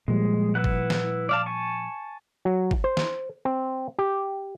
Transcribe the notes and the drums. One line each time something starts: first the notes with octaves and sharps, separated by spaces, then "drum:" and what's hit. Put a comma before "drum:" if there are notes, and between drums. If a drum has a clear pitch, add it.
A#2 F3 G3 G#3
E4 B4 F#5
drum: kick G1
drum: snare
D5 F5 A5
G#5 A5 C#6
F#3
drum: kick G1
C5
drum: snare
C4
G4